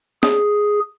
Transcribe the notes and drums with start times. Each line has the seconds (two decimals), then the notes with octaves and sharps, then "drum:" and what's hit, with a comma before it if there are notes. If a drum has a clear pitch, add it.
0.23 G#4, drum: snare